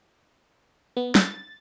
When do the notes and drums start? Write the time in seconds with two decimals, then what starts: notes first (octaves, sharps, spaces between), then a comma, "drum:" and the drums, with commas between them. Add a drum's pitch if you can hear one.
0.97 B3
1.15 A6, drum: snare